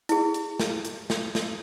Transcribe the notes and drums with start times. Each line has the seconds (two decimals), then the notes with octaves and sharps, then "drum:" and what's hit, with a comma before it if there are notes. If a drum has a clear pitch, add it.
0.09 E4 G#4, drum: hi-hat
0.34 drum: hi-hat
0.60 drum: snare
0.85 drum: hi-hat
1.10 drum: snare
1.35 drum: snare